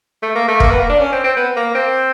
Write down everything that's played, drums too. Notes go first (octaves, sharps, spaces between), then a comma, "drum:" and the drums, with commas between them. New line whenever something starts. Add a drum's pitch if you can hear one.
A3
A#3
A3
A#3, drum: kick
B3
A#3
D4
C#4
C4
C4
B3
A#3
C4